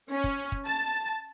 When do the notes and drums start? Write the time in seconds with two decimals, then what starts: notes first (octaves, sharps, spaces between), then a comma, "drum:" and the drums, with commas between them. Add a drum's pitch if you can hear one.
0.10 C#4
0.24 drum: kick
0.52 drum: kick
0.66 A5